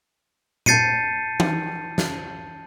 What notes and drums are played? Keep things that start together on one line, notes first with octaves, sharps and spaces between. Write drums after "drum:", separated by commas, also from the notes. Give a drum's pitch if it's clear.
A5 G6 A6 C7 C#7 D#7, drum: tom A#2
drum: tom E3
drum: snare